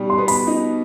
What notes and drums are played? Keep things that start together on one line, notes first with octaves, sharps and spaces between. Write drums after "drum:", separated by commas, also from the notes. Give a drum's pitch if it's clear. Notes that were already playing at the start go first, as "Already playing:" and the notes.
Already playing: B2 G3 D#4
C6
B3
B5, drum: open hi-hat
D#4